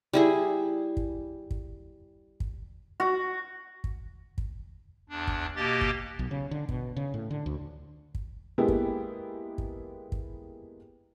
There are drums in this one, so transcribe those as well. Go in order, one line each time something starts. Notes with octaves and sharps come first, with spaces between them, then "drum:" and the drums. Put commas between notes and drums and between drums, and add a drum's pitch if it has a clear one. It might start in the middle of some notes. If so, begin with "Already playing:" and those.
G3 E4 G#4
drum: kick
drum: kick
drum: kick
F#4
drum: kick
drum: kick
E2 D4
drum: kick
B2 A#3 G4 D#5 A6
drum: kick
B1
C#3
D3
B2, drum: kick
C#3
A2
D3
D2
drum: kick
G#3 A#3 B3 E4 G4 G#4
drum: kick
drum: kick
drum: kick